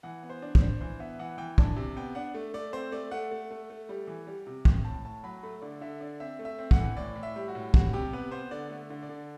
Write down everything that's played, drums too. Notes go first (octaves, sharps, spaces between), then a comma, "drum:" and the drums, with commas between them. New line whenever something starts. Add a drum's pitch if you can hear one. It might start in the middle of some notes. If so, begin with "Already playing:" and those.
E3 F#5
B3
C5
D4
C5, drum: kick
D4
E3 C5
B3 E5
E3 F#5
E3 G5
D4 A5, drum: kick
C3
B3 G5
D4 F#5
A3
A3 D5
C4 C5
A3 D5
A3 F#5
A3
A3
A3
G3
E3
G3
C3
C4 G5, drum: kick
A2 A5
A2 A5
F#3 B5
A3 B5
D3 D5
D3 E5
D4 D5
C4 E5
A3
E5
C4
F#5, drum: kick
E3
A2 D5
A2
E5
G3
F#4
A2
G3 F#4, drum: kick
C3 G4
B3 B4
B3 C5
D3 D5
A3
D3
D5
D3